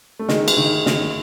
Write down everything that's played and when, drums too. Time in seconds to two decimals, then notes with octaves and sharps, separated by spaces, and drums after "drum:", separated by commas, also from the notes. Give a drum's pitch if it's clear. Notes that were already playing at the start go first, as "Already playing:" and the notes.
0.19 A3
0.28 D#3 G#3, drum: snare
0.48 drum: cymbal
0.57 D#3
0.86 D#3, drum: snare